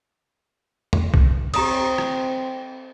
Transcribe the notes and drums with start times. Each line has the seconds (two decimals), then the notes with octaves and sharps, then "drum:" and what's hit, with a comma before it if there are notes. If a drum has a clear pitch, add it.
0.93 drum: tom E2
1.14 drum: kick
1.54 C4 G4 A#5 D#6, drum: cymbal
1.98 drum: rim click